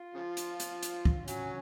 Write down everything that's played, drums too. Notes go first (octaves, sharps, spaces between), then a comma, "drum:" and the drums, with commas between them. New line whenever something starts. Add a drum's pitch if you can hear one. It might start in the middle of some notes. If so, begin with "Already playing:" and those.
Already playing: F4
C#3 F3
drum: hi-hat
drum: hi-hat
drum: hi-hat
drum: kick
F#3 C#4, drum: hi-hat